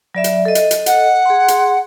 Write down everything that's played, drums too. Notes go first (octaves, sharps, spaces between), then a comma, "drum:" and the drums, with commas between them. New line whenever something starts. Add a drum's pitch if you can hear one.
F#3 D5 E5
drum: hi-hat
A4 D#5
drum: hi-hat
drum: hi-hat
F#5, drum: hi-hat
G#4 C6
drum: hi-hat